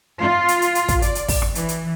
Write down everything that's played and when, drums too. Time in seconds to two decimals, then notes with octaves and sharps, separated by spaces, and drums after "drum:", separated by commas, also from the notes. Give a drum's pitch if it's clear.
0.19 F4
0.48 drum: hi-hat
0.62 drum: hi-hat
0.75 drum: hi-hat
0.88 drum: kick, hi-hat
1.02 D5, drum: hi-hat
1.15 drum: hi-hat
1.28 drum: kick, open hi-hat
1.42 drum: rim click
1.55 E3, drum: hi-hat
1.69 drum: hi-hat